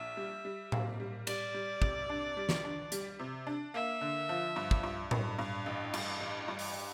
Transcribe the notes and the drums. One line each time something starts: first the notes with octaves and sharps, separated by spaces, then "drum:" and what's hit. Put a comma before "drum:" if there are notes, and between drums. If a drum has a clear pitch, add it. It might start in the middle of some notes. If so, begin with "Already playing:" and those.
Already playing: A#1 E5
G3
G3
A#3, drum: tom A2
G3
G3 D5, drum: cymbal
G3
C3, drum: kick
D4
G3
drum: snare
D4
G3, drum: hi-hat
C3
D4
A#3 E5
D3
F3
G2
drum: kick
G2
G2, drum: tom A2
G2 F5
A1
G2, drum: cymbal
A1
G2
drum: open hi-hat